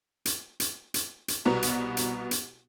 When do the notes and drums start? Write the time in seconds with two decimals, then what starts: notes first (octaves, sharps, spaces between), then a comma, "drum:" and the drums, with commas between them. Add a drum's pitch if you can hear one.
0.25 drum: hi-hat
0.60 drum: hi-hat
0.94 drum: hi-hat
1.28 drum: hi-hat
1.45 C2 B2 B3 F#4 A#5
1.62 drum: hi-hat
1.97 drum: hi-hat
2.31 drum: hi-hat